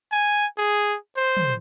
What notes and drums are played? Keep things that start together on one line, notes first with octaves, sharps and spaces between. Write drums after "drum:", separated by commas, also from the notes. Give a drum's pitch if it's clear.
G#5
G#4
C5
drum: tom